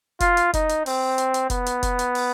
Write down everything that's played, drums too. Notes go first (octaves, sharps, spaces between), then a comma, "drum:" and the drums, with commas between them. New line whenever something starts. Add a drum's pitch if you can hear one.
F4, drum: kick F1, hi-hat
drum: hi-hat
D#4, drum: kick F1, hi-hat
drum: hi-hat
C4, drum: open hi-hat
drum: hi-hat
drum: hi-hat
B3, drum: kick F1, hi-hat
drum: hi-hat
drum: kick F1, hi-hat
drum: hi-hat
drum: open hi-hat